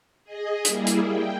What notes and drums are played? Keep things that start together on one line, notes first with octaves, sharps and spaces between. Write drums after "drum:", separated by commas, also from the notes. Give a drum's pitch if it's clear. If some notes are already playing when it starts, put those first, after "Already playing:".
G#4 D#5
G3 A#3 E4 G#4, drum: hi-hat
drum: hi-hat
G5